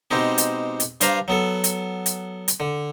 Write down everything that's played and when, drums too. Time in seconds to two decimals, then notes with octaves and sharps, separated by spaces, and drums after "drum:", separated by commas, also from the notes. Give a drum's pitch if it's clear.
0.11 B2 G#3 C4 D#4 G4
0.38 drum: hi-hat
0.80 drum: hi-hat
1.01 G2 D4 B4 C5 F5 A#5, drum: hi-hat
1.28 F#3 B3 A4
1.64 drum: hi-hat
2.06 drum: hi-hat
2.48 drum: hi-hat
2.60 D3